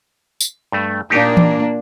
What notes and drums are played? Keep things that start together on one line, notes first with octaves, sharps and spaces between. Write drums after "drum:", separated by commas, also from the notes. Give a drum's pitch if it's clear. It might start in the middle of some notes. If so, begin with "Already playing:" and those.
drum: tambourine
G2 A3
A#2 A#3 D4 D#4 G4
drum: tom E3